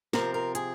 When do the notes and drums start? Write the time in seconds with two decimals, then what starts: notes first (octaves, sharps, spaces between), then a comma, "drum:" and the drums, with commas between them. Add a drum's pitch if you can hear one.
0.13 C3 F3 C4 A#4, drum: snare
0.34 A#4
0.55 G#4, drum: hi-hat